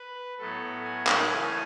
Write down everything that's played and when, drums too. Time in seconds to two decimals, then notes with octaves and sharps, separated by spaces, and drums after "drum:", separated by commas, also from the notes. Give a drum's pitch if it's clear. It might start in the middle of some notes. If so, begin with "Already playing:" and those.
Already playing: B4
0.38 A2 F#3 B3 A4
0.85 G#5
1.07 drum: clap
1.29 C#3 E3 A3 C#4